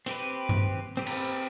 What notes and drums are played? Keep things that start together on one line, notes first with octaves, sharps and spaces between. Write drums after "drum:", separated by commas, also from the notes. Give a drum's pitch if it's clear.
C4 G4 B4, drum: hi-hat
drum: tom G2
C4 G4 B4
drum: cymbal